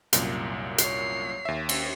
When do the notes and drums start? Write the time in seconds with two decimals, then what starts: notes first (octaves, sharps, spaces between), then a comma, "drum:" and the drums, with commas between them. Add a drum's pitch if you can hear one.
0.13 C2 F#2 A#2, drum: hi-hat
0.78 C#5 C7, drum: hi-hat
1.45 D#2 E5
1.69 drum: cymbal